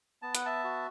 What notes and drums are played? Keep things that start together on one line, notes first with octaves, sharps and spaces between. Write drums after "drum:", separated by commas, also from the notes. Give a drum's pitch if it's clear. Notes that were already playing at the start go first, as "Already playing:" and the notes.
B3 A5
F#5, drum: hi-hat
E5 A5
F#4